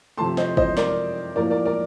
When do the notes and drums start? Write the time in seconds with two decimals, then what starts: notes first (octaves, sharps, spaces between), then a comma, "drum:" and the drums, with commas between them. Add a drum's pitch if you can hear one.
0.18 C3 F3 A3 A5 C6
0.37 C5 D#5, drum: snare
0.57 C5 D#5, drum: kick G#1
0.77 A#4 D5, drum: snare
1.36 A2 F3 A#3 A#4 D5
1.50 A#4 D5
1.65 A#4 D5